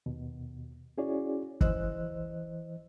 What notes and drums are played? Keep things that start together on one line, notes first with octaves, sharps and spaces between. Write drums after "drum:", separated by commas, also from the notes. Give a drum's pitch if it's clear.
D#2 B2
C#4 E4 F#4 G#4 C#5 D5
E3 C5 D#5 E6 F#6, drum: kick